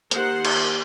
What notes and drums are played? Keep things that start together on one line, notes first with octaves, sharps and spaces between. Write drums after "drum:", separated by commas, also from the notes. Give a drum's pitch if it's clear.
D#3 A#3 G4 C5 F#5, drum: hi-hat
drum: cymbal